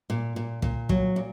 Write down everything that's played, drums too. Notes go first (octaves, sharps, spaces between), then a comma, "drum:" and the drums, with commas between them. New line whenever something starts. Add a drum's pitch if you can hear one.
A#2
A#2
A#2, drum: kick
F#3, drum: kick
A#2